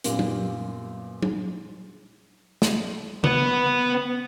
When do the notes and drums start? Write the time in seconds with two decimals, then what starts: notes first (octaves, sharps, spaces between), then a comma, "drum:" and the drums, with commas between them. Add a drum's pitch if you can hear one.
0.04 F#2 A#2 G3 A#3 B3, drum: hi-hat
0.19 drum: tom
1.22 drum: tom
2.62 drum: snare
3.24 B3, drum: tom C#3